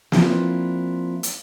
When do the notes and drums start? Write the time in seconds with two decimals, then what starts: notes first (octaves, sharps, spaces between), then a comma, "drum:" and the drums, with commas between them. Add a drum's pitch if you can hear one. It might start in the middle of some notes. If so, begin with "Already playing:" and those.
0.12 F3 A#3 C4 D4 E4 F4, drum: snare
1.23 drum: hi-hat